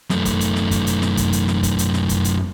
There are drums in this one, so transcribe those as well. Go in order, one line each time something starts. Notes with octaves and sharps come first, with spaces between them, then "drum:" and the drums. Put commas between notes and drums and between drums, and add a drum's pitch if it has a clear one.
F#2 A3, drum: snare
drum: kick, hi-hat
drum: hi-hat
drum: snare
drum: kick, hi-hat
drum: hi-hat
drum: snare
drum: kick, hi-hat
drum: hi-hat
drum: snare
drum: kick, hi-hat
drum: hi-hat
drum: snare
drum: kick, hi-hat
drum: hi-hat